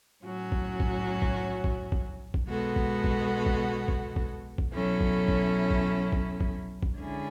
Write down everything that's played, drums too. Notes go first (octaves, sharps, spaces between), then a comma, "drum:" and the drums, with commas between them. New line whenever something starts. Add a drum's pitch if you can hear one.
A2 F#3 C#4 F#4
drum: kick G#1
drum: kick G#1
drum: kick G#1
drum: kick G#1
drum: kick G#1
drum: kick G#1
B2 G#3 B3 F#4 A4
drum: kick G#1
drum: kick G#1
drum: kick G#1
drum: kick G#1
drum: kick G#1
drum: kick G#1
B2 F#3 C#4 E4 A4
drum: kick G#1
drum: kick G#1
drum: kick G#1
drum: kick G#1
drum: kick G#1
drum: kick G#1
D3 G#3 C#4 E4 G#4